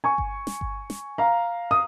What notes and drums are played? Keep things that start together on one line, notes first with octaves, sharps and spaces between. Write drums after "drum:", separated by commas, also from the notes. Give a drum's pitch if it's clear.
G#5 C#6
drum: kick G1
drum: snare
drum: kick G1
drum: snare
F5 A#5
D#6